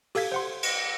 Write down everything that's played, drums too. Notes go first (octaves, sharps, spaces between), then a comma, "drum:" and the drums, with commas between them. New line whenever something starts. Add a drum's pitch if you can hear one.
G4 A4 F5 G#6 B6, drum: open hi-hat
C5 F#5 C6
drum: cymbal